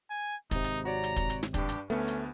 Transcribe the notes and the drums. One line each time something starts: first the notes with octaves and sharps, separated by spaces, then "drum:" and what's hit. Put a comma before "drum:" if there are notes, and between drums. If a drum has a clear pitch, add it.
G#5
G#1 C3 D#4, drum: kick, hi-hat
drum: hi-hat
F#4 C#5 D5 A#5
drum: hi-hat
drum: kick, hi-hat
drum: hi-hat
drum: snare
G2 G3 D4 G4, drum: kick, hi-hat
drum: hi-hat
D2 A3 B3 C#4
drum: hi-hat